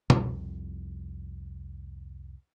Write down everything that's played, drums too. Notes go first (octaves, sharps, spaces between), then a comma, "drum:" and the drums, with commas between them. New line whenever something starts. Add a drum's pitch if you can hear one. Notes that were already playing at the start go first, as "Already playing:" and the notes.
C2 F2, drum: tom